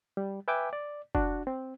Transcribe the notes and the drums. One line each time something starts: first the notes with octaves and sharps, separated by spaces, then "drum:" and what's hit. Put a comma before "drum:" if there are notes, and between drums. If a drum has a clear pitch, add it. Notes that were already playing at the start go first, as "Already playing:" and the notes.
G3
B4 E5 G5 G#5 D6
D5
D4 F#4, drum: kick
C4